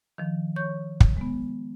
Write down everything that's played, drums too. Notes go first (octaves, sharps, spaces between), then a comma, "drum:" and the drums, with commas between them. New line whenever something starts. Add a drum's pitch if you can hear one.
D#3 F3
C#5 C#6 G6
drum: kick
G#3 B3